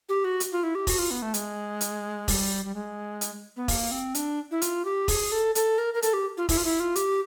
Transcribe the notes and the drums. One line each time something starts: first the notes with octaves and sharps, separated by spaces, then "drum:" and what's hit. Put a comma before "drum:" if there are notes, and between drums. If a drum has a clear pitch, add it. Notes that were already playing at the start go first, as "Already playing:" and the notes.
G4
F#4
drum: hi-hat
F4
E4
G4
F#4, drum: kick E1, open hi-hat
F4
B3
A3
G#3, drum: hi-hat
drum: hi-hat
G3, drum: kick E1, open hi-hat
G3
G#3
drum: hi-hat
B3
A#3, drum: kick E1, open hi-hat
C4
D4, drum: hi-hat
E4
F4, drum: hi-hat
G4
G#4, drum: kick E1, open hi-hat
A4
A4, drum: hi-hat
A#4
A#4
A4, drum: hi-hat
G4
F4
E4, drum: kick E1, open hi-hat
F4
E4
F4
G4, drum: hi-hat